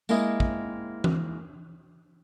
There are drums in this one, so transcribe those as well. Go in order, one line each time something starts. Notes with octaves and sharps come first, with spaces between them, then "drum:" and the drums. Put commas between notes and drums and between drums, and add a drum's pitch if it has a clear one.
G#3 A#3 C4 E4 D#5, drum: tambourine
drum: kick
drum: tom E3